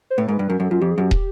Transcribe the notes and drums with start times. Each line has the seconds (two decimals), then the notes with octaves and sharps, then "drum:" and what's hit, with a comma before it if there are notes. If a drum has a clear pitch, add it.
0.10 C5
0.18 A2 B4
0.28 G#2 A#4
0.34 B4
0.39 G2
0.49 F#2 A#4
0.60 F#2 A4
0.71 F#2 F4
0.81 F2 G4
0.91 G#4
0.98 F#2 G4
1.11 drum: kick